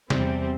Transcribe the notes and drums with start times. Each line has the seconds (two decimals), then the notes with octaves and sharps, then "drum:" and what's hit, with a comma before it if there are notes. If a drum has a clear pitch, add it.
0.10 E2 C3 G3 C4, drum: snare